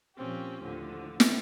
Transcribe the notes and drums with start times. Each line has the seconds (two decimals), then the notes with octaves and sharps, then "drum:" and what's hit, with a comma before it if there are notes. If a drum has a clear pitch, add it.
0.16 A#2 F3 C4 C#4 G4
0.63 D#2 A2 D3 F3
1.20 drum: snare